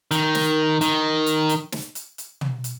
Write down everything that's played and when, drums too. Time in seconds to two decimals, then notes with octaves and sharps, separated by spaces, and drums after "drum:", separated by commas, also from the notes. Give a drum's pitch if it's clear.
0.11 D#3, drum: hi-hat
0.35 drum: snare
0.81 D#3, drum: hi-hat
1.26 drum: hi-hat
1.49 drum: hi-hat
1.72 drum: snare
1.95 drum: hi-hat
2.18 drum: hi-hat
2.41 drum: tom
2.64 drum: hi-hat